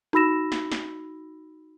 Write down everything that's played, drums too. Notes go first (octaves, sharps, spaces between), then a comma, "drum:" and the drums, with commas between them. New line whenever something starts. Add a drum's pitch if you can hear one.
D#4 F#4 B5 E6 A#6 E7, drum: rim click
drum: snare
drum: snare